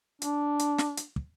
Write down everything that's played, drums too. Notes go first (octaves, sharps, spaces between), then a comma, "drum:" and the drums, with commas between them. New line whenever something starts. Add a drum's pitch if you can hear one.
D4, drum: hi-hat
drum: hi-hat
drum: snare
drum: hi-hat
drum: kick